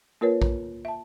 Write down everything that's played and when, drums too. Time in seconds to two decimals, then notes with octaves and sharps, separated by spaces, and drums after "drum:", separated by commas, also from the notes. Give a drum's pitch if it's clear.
0.21 A#3 F4 A#4 B4 C#5
0.42 drum: kick A#1
0.85 E5 A5